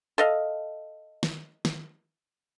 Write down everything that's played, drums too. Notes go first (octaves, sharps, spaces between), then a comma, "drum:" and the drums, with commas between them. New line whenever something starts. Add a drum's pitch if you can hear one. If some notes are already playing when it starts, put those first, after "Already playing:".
A4 D#5 F5
drum: snare
drum: snare